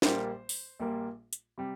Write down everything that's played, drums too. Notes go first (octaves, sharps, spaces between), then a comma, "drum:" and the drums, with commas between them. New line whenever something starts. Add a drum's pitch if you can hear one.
A#1 A#2 G3 A#3 C5, drum: snare
drum: open hi-hat
A#1 A#2 G3 A#3
drum: hi-hat
C3 G3